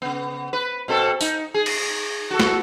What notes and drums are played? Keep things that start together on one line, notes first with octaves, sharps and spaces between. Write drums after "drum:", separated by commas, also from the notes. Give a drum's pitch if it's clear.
C#3 B3
B4
B2 C4 A4
D#4, drum: tambourine
G#4
drum: cymbal
F#4 A4
drum: snare